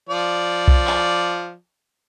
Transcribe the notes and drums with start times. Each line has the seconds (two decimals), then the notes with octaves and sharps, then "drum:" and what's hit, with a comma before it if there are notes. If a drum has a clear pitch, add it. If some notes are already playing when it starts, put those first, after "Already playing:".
0.09 F3 D5
0.68 drum: kick B1
0.87 drum: clap